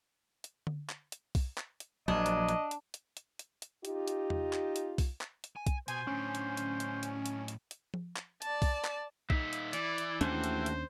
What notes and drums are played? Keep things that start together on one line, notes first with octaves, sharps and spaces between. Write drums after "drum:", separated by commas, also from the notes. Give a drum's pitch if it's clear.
drum: hi-hat
drum: tom D3
drum: clap
drum: hi-hat
drum: kick B1, open hi-hat
drum: clap
drum: hi-hat
A#1 F#3 D4 D#5
drum: hi-hat
drum: hi-hat
drum: hi-hat
drum: hi-hat
drum: hi-hat
drum: hi-hat
drum: hi-hat
D#4 F4 G4, drum: hi-hat
drum: hi-hat
drum: tom E2
drum: clap
drum: hi-hat
drum: kick B1, open hi-hat
drum: clap
drum: hi-hat
G#5
drum: kick B1, hi-hat
B2 C5 G#5, drum: hi-hat
A2 C#4 D4
drum: hi-hat
drum: hi-hat
drum: hi-hat
drum: hi-hat
drum: hi-hat
drum: hi-hat
drum: hi-hat
drum: tom F3
drum: clap
D5 A5, drum: hi-hat
drum: kick B1, open hi-hat
drum: clap
A#2 D#4 E5, drum: kick B1
drum: hi-hat
E3 D5, drum: hi-hat
drum: hi-hat
D#2 A3 C#4 D4 F#4 G4 C5, drum: hi-hat
drum: hi-hat
drum: hi-hat